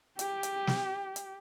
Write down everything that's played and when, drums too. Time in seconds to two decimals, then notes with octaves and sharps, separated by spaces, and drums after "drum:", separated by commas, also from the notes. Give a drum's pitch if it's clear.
0.19 G4, drum: hi-hat
0.43 drum: hi-hat
0.67 drum: snare
1.16 drum: hi-hat